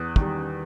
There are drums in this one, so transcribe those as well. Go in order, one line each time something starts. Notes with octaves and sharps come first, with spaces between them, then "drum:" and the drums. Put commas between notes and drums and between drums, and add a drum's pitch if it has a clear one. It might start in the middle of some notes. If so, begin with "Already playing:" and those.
Already playing: E2 D#6 F#6
D#3 G3, drum: kick